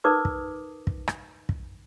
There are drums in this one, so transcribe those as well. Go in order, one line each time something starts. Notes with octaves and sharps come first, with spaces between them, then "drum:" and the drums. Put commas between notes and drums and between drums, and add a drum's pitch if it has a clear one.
D#4 A#4 B4 D6 D#6
drum: kick
drum: kick
drum: rim click
drum: kick